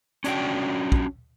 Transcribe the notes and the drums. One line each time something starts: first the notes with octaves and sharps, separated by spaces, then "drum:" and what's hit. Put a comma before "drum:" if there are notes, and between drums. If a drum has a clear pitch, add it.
C#4 D4 F#4 G5, drum: hi-hat
drum: kick